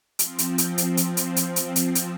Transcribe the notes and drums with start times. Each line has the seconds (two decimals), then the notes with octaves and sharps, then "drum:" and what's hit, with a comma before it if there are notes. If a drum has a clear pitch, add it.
0.19 F3 C4, drum: hi-hat
0.38 drum: hi-hat
0.58 drum: hi-hat
0.78 drum: hi-hat
0.97 drum: hi-hat
1.17 drum: hi-hat
1.36 drum: hi-hat
1.56 drum: hi-hat
1.76 drum: hi-hat
1.95 drum: hi-hat